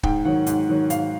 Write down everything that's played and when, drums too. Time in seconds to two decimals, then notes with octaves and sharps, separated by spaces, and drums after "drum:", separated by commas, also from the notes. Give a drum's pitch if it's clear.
0.03 G#2 G5, drum: kick
0.25 D#3 F#3 F#5
0.47 G#2, drum: hi-hat
0.69 D#3 F#3
0.90 G#2 F5, drum: hi-hat